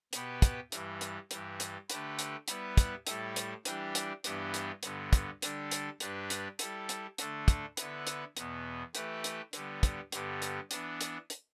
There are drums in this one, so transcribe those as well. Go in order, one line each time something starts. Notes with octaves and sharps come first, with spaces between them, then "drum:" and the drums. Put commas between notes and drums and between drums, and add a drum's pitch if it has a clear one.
B2 B3 G4 B4, drum: hi-hat
drum: kick, hi-hat
G2 E3 G3, drum: hi-hat
drum: hi-hat
G2 E3 G3, drum: hi-hat
drum: hi-hat
D3 A3 G4 B4, drum: hi-hat
drum: hi-hat
G3 B3 E4 B4, drum: hi-hat
drum: kick, hi-hat
A2 G3 E4 A4, drum: hi-hat
drum: hi-hat
E3 G3 D4 G4, drum: hi-hat
drum: hi-hat
G2 E3 B3 D4 G4, drum: hi-hat
drum: hi-hat
G2 D3 B3, drum: hi-hat
drum: kick, hi-hat
D3 G3 D4 A4, drum: hi-hat
drum: hi-hat
G2 G3 D4 B4, drum: hi-hat
drum: hi-hat
G3 E4 A4, drum: hi-hat
drum: hi-hat
D3 A3 D4 A4, drum: hi-hat
drum: kick, hi-hat
D3 B3 E4 B4, drum: hi-hat
drum: hi-hat
E2 B2 B3, drum: hi-hat
E3 A3 G4 B4, drum: hi-hat
drum: hi-hat
D3 G3 B3, drum: hi-hat
drum: kick, hi-hat
G2 D3 G3 B3, drum: hi-hat
drum: hi-hat
E3 B3 D4, drum: hi-hat
drum: hi-hat
drum: hi-hat